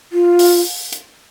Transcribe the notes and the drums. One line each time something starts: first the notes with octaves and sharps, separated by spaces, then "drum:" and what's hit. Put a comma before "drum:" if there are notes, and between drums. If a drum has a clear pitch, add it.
F4
drum: open hi-hat
drum: hi-hat